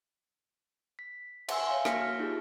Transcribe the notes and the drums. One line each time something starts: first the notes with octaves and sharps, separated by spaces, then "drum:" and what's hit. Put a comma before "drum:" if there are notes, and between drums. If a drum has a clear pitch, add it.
B6
E5 F#5 G#5 C6 E6, drum: cymbal
C#5 E5 F5 G#5 C6
A#3 F#4 F6 A#6 B6 C#7, drum: rim click
F6
D#4 F4 G4 G#4